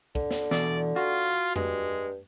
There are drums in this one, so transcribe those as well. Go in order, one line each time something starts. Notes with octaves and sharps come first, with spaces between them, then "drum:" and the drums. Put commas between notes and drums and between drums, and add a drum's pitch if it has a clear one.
D3, drum: kick
drum: snare
E2 B2 D5, drum: snare
F4 F#4
G2 G#3, drum: tom F2